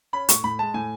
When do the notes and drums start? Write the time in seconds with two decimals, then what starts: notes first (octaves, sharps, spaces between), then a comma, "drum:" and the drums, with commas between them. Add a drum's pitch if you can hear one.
0.13 C#4 B5
0.29 A2 C#6, drum: hi-hat
0.44 A2 B5
0.59 G#3 A5
0.74 A2 G#5